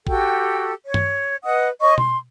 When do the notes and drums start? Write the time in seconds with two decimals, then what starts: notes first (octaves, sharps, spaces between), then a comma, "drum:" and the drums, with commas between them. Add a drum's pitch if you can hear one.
0.07 F#4 G4 A4 G5, drum: kick
0.84 C#5
0.94 drum: tom G2
1.44 B4 D#5 F#5 D#6
1.81 C#5 D#5 C#6
1.98 C6, drum: tom B2